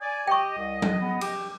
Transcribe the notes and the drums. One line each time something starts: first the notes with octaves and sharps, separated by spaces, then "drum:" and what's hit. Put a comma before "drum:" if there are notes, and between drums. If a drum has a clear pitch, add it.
D5 G#5
G4 D#5 G5 C#6
C2
drum: tom F#3
B3
G4, drum: cymbal